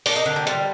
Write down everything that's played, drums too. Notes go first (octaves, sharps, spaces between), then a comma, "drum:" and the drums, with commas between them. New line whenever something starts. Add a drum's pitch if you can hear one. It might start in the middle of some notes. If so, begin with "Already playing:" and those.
A#3 D4, drum: open hi-hat
D#4
D3
G4
G3 F4, drum: hi-hat